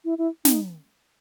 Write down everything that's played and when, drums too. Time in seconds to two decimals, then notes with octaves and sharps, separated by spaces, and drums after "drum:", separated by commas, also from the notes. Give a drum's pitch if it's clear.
0.05 E4
0.18 E4
0.45 D#4, drum: snare